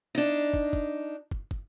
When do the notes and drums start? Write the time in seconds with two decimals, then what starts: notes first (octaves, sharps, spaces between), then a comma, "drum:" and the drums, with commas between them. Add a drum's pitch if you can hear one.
0.15 D4 D#4
0.54 drum: kick
0.73 drum: kick
1.31 drum: kick
1.51 drum: kick